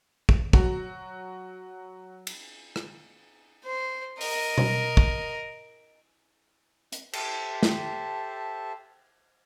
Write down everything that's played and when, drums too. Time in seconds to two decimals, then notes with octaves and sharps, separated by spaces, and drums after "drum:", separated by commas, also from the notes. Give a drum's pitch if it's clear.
0.29 drum: kick
0.53 F#3 F#4, drum: kick
2.27 drum: cymbal
2.76 drum: rim click
3.65 C5
4.21 A#4 D#5, drum: open hi-hat
4.58 drum: tom B2
4.97 drum: kick
6.92 drum: hi-hat
7.13 G4 A4 C5 E5 A5, drum: cymbal
7.63 drum: snare